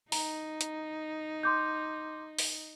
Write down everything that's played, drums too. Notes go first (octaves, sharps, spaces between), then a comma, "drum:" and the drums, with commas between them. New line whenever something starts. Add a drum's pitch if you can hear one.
D#4 A#5, drum: open hi-hat
drum: hi-hat
C6 D6 G6
drum: open hi-hat